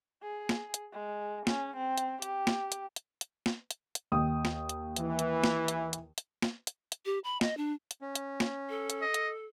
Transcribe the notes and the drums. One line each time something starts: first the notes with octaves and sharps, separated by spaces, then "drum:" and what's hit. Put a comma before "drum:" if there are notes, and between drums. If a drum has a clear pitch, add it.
G#4
drum: snare
drum: hi-hat
G#3
C#4, drum: snare
C4
drum: hi-hat
G4, drum: hi-hat
drum: snare
drum: hi-hat
drum: hi-hat
drum: hi-hat
drum: snare
drum: hi-hat
drum: hi-hat
D#2 G5 D#6
drum: snare
drum: hi-hat
E3, drum: hi-hat
drum: hi-hat
drum: snare
drum: hi-hat
drum: hi-hat
drum: hi-hat
drum: snare
drum: hi-hat
drum: hi-hat
G4
B5
D#5, drum: snare
D4
drum: hi-hat
C#4
drum: hi-hat
drum: snare
A4
drum: hi-hat
D#5
drum: hi-hat